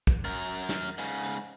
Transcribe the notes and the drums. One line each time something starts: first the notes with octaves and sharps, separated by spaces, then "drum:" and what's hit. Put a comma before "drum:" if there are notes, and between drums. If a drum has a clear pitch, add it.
drum: kick
F#2 A#4
drum: snare
G#2 C#3
drum: hi-hat